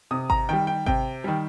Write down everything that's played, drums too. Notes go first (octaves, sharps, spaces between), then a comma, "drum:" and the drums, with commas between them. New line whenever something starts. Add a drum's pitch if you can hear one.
C3 D#6
A#5, drum: kick G#1
D#3 G3 G5
G5
C3 G5, drum: kick G#1
D#3 G3